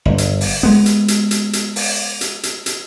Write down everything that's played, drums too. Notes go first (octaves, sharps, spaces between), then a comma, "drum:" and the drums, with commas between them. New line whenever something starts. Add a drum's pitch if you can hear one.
G1
drum: hi-hat
drum: open hi-hat
G#3 B3
drum: hi-hat
drum: hi-hat
drum: hi-hat
drum: hi-hat
drum: open hi-hat
drum: hi-hat
drum: hi-hat
drum: hi-hat